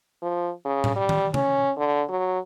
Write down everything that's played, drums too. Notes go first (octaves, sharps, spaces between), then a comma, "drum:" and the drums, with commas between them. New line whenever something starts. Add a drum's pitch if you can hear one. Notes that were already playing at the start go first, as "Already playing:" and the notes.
F3
C#3
drum: tom A2
G3
drum: tom D#3
C#4, drum: tom C3
D3
F#3